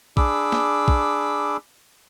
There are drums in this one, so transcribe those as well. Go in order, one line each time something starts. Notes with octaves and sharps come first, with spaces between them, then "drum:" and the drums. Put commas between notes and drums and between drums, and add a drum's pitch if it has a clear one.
D4 G#4 B5 D6 E6, drum: kick A#1
drum: snare
drum: kick A#1